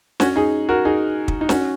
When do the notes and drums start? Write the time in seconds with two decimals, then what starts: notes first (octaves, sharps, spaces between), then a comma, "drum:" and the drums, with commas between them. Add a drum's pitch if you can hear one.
0.20 C#4 F#4, drum: snare
0.36 D#4 G#4
0.69 F#4 A#4
0.85 D#4 G#4
1.28 drum: kick
1.41 D#4
1.49 C#4 F#4, drum: snare